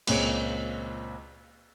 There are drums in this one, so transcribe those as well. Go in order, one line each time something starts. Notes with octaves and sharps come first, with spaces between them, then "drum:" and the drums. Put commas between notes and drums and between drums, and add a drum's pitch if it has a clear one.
C#2 A#2 C4 C#5 C#7 D7, drum: cymbal